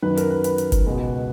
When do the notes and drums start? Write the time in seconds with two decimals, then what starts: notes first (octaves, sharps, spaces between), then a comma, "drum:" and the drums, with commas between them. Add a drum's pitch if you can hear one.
0.02 F#2 D#3 F#3 B4
0.17 A#4, drum: hi-hat
0.30 B4
0.44 B4, drum: hi-hat
0.58 drum: hi-hat
0.72 drum: kick F#1, hi-hat
0.86 C#2 B2 G#3 B3